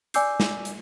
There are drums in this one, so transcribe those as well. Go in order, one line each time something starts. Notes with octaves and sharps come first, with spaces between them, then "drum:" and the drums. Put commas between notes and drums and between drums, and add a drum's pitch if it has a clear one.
D5 G#5 D6 E6 G6 C7, drum: hi-hat
drum: snare
drum: hi-hat